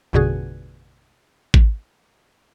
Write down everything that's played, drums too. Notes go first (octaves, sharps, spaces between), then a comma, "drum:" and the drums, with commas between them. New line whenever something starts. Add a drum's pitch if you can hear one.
A1 F2 B2 D3 F#4 G#4
drum: kick G#1